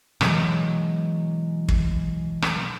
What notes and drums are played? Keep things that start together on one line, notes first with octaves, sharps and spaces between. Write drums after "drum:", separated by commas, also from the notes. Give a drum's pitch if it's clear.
B2 E3 F#3 G#3, drum: rim click
drum: kick
drum: rim click